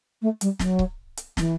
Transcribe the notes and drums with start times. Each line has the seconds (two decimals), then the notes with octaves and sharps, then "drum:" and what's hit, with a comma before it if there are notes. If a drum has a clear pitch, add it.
0.22 A3
0.41 G3, drum: hi-hat
0.59 F#3, drum: snare
0.79 drum: kick C#1
1.17 drum: hi-hat
1.37 E3, drum: snare